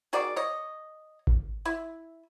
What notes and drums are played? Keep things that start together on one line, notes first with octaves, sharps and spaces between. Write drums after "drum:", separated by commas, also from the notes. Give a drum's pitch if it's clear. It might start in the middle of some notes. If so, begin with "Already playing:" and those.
D#3 F#4 G#4 D5
C#5 D#5
drum: kick G#1
E4